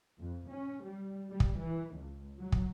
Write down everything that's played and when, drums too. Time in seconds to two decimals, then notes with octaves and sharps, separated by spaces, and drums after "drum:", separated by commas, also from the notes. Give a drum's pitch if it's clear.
0.20 F2
0.50 C#4
0.83 G3
1.29 G3
1.40 drum: kick
1.58 E3
1.94 C#2
2.38 F#3
2.52 drum: kick